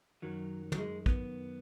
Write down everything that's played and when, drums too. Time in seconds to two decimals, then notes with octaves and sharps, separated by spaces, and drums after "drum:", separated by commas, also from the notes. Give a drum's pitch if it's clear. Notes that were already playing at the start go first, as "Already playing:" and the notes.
0.22 F#2 D#3 F#3
0.72 F#3, drum: tom
0.78 G#3
1.06 B3, drum: kick